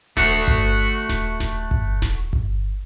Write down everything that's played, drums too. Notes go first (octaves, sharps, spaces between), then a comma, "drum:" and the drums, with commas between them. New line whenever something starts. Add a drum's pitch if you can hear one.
A3 F#4, drum: snare D#1
drum: kick G1
drum: snare D#1
drum: snare D#1
drum: kick G1
drum: snare D#1
drum: kick G1